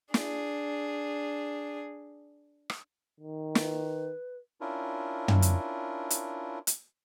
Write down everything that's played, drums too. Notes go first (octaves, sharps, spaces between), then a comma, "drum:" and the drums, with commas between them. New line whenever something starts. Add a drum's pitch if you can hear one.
D4 G#4, drum: snare
drum: rim click
D#3
B4, drum: snare
C#4 D4 E4 F4 A#4
drum: tom
drum: hi-hat
drum: hi-hat
drum: hi-hat